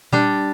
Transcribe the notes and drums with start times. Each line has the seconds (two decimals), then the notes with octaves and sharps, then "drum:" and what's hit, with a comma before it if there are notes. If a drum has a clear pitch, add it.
0.13 G3 D4, drum: tom A#2